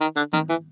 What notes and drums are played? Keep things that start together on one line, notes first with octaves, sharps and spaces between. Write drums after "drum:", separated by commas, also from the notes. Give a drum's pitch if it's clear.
D#3
D3
D#3, drum: tom D#3
E3